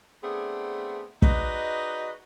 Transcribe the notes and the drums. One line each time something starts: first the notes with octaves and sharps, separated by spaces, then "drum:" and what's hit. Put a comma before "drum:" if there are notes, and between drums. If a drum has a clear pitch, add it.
A3 B3 C4 D4 G#4
D#4 F#4 G#4 B4 D5 D#5, drum: kick